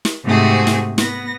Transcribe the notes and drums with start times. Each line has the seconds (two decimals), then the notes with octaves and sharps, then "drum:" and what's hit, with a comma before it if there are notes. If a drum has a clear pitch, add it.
0.05 drum: snare
0.25 G#2 C3 A3 C4 F#4 G#4
0.67 drum: snare
0.98 B3 A#6, drum: snare